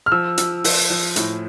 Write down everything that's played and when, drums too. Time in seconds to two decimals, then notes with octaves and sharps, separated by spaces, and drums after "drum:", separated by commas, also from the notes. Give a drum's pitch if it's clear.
0.06 F6
0.11 F3 E6
0.38 F3, drum: hi-hat
0.64 F3, drum: open hi-hat
0.90 F3
1.16 A2, drum: hi-hat